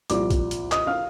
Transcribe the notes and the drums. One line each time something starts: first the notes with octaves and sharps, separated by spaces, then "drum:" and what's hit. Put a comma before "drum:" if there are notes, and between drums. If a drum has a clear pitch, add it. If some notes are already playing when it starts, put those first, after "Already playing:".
C2 A#2 F3 D5 D6, drum: hi-hat
drum: kick B1, hi-hat
drum: hi-hat
D#5 D#6, drum: clap
F5 F6